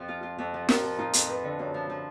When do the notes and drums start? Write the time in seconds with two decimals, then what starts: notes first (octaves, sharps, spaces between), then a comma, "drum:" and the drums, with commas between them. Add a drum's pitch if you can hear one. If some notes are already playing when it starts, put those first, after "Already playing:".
Already playing: F2 F3
0.08 F4
0.23 F4
0.38 F2
0.54 F3
0.69 F2 A#4, drum: snare
0.83 F3
0.99 D#4 F4
1.13 F2, drum: hi-hat
1.29 F3 B4
1.44 D3
1.59 F#2
1.74 F3
1.89 F3